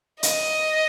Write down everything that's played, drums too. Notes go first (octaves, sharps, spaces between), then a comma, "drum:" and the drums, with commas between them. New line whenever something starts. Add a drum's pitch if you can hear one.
D#5, drum: hi-hat